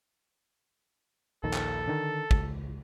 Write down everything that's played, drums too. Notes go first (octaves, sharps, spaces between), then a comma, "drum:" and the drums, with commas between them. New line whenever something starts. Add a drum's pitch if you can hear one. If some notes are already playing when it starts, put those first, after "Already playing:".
A#1 D#2 D#3 A4
drum: clap
D3 D#3
C#2, drum: kick